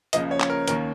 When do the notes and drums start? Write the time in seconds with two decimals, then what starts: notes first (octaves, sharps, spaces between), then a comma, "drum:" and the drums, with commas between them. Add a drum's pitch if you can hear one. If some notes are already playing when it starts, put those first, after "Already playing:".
0.13 C#2 C#3 F3 A#3 D#5, drum: hi-hat
0.31 C#5
0.40 drum: clap
0.50 A#4
0.68 D#2 D#3 A#3 C#4 A#4, drum: hi-hat